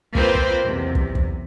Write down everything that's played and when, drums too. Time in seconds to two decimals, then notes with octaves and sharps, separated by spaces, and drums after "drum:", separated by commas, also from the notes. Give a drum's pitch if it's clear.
0.15 A#3 C4 F4 B4 C5, drum: kick
0.35 drum: kick
0.63 B1 E2 C3
0.95 drum: kick
1.15 drum: kick